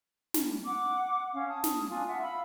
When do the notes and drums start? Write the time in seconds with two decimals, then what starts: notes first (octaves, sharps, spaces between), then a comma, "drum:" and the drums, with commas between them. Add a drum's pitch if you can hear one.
0.34 drum: snare
0.65 F#5 D6
1.33 C#4 F5
1.47 A5 D#6
1.64 drum: snare
1.89 D4 F4 G#5
2.08 F4 E5 F#5
2.21 F5 B5 E6